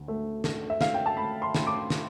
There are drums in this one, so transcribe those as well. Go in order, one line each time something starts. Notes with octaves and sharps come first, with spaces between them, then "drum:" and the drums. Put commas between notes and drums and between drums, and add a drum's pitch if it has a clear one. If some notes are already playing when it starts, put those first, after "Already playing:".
Already playing: D2
A3
A3, drum: snare
E5
A3 F5, drum: snare
G5
A5
A3 B5
C6
A3, drum: snare
D6
drum: snare